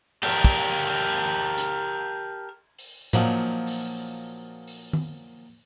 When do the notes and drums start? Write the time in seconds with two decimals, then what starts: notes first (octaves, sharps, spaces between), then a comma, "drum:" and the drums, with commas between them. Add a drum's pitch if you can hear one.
0.23 G4 A4 A#4, drum: cymbal
0.44 drum: kick
1.58 drum: hi-hat
2.78 drum: open hi-hat
3.13 A#2 F3 F#3 D4 D#4, drum: tom A2
3.67 drum: open hi-hat
4.67 drum: open hi-hat
4.93 drum: tom D#3